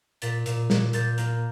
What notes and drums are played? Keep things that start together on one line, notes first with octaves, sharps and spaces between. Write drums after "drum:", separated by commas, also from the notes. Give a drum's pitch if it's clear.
A#2 A6 B6, drum: hi-hat
A#2, drum: hi-hat
A#2, drum: snare
A#2 G6 A6, drum: hi-hat
A#3, drum: hi-hat